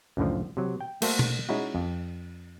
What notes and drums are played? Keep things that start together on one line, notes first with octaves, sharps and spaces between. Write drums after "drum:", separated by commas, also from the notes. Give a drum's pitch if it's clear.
C#2 F#2 A2 D3 F3
C3 F#3
G5
A3 A#3 F#4 A4 C5, drum: cymbal
drum: tom B2
G#3 C#4 D#4 E4 F#4
F2